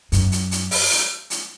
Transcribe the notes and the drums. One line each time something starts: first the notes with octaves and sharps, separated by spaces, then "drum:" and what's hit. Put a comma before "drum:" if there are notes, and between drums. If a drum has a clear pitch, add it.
F#2, drum: hi-hat
drum: hi-hat
drum: hi-hat
drum: open hi-hat
drum: hi-hat
drum: hi-hat